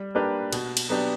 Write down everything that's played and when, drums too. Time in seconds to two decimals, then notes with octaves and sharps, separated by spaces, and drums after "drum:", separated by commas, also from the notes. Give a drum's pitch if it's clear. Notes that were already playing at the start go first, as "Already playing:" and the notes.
Already playing: G3
0.15 A#3 D4 G4 B4
0.53 B2, drum: cymbal
0.77 drum: cymbal
0.89 F#3 B3 D4 G4